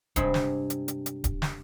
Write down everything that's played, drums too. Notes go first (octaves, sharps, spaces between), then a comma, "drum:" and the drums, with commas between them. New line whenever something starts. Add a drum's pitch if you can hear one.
G2 C3 G#3 C4 B5, drum: kick D1, hi-hat
drum: snare
drum: hi-hat
drum: hi-hat
drum: hi-hat
drum: kick D1, hi-hat
drum: snare